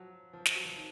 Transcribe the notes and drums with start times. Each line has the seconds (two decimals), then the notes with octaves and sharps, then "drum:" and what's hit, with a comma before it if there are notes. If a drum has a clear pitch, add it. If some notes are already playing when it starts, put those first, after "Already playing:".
Already playing: F3 F#3
0.33 F3
0.46 drum: snare
0.55 F#3
0.65 F3
0.76 D#3